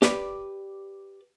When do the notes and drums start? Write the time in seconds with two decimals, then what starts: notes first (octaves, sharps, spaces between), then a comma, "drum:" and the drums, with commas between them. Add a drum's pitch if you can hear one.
0.02 G4 B4 D5, drum: snare